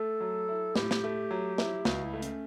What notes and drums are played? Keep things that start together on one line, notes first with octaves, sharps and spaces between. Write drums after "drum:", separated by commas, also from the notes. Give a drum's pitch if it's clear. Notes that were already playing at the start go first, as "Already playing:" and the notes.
Already playing: A3 A4
F#3
E4
A2 G4, drum: snare
drum: snare
A3
F#3
E4, drum: snare
C#2 F#4, drum: snare
E4
A3
C#4, drum: hi-hat